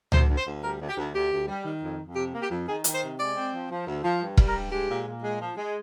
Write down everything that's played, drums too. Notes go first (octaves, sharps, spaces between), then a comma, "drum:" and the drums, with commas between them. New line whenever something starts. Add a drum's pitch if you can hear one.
D2 C5, drum: tom C#2
D2
C5
D2
G3 A#4
D2
G4
D2
D2 G4
D2
G3
D#3
F2
F2
C3 G4
A#3
G4
F2
D#3 G#4
D#3, drum: hi-hat
C5
C3
G#3 D5
C4
F3
F3
D2
F3
G2
G3, drum: kick E1
A#4
G2
G#3 G4
A#2
A#2
G#3
F3
G#3